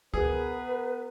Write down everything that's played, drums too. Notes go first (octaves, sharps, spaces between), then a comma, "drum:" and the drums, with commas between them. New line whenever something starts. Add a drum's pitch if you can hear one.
B3 G#4 A#4 B4, drum: kick